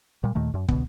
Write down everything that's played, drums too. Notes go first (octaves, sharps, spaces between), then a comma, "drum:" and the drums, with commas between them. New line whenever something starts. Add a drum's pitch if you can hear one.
A#2 G3
D#2 A#2 D#3 A3
F#2
C#2 B2 D3 B3, drum: kick